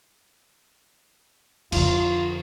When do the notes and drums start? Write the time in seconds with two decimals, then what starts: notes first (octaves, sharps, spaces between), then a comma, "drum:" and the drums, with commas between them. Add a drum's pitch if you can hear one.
1.72 F2 D3 F4, drum: cymbal